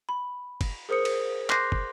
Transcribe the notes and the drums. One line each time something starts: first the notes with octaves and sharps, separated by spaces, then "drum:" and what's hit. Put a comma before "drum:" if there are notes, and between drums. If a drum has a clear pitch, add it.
B5
drum: kick, cymbal
G#4 A#4 C5 D#6 C#7
drum: cymbal
C6 D6 F#6 G6 A#6 C7, drum: clap
drum: kick